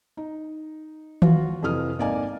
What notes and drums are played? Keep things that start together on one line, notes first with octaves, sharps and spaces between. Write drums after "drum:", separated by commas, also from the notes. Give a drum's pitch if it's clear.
D#4
F4 F#4, drum: tom D#3
F2 C3 E3 D#6 F6
G#1 A#3 D#4 D5 D#5 G#5